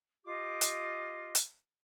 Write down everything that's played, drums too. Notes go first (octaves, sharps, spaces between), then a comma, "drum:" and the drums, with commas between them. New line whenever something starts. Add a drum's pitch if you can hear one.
F4 G4 D#5 D6
drum: hi-hat
drum: hi-hat